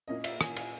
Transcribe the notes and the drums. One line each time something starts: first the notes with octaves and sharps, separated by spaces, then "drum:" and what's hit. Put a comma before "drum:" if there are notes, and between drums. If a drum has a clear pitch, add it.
A#2 A#3 C#4 E4 D#5
E5, drum: cymbal
G#5, drum: rim click
G#5, drum: cymbal